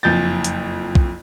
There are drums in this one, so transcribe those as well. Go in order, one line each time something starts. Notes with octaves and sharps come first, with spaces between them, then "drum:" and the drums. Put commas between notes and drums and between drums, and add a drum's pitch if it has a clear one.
F#1 F2 G6 A6
drum: hi-hat
drum: kick